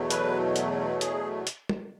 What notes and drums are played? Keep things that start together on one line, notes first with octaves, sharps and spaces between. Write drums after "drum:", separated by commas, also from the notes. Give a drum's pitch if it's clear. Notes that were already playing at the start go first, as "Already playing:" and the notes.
Already playing: E2 B2 F#3 A3
B4, drum: hi-hat
drum: hi-hat
G#4, drum: hi-hat
drum: hi-hat
drum: tom